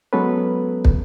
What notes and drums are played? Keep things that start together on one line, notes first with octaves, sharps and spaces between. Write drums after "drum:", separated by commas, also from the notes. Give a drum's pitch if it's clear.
F#3 G#3 B3 C#4 A4 B4
drum: kick